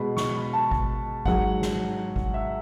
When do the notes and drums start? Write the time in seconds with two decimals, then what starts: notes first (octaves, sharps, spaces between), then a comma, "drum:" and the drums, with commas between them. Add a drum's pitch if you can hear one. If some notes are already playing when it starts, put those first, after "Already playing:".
Already playing: B2 G#3 B5
0.17 C#6, drum: snare
0.36 B5
0.53 A5
0.71 drum: kick G#1
1.26 G#2 F#3 F#5, drum: kick G#1
1.62 drum: snare
2.16 drum: kick G#1
2.34 E5